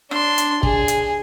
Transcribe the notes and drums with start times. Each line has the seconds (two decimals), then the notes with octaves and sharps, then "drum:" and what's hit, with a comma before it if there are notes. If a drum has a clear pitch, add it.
0.11 D4 C6, drum: rim click
0.38 drum: hi-hat
0.63 G#4, drum: kick
0.88 drum: hi-hat